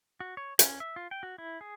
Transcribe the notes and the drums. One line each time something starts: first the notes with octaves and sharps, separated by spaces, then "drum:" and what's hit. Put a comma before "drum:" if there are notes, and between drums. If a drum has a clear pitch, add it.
F#4
C#5
C#4, drum: hi-hat
E5
F4
G5
F#4
E4
G#4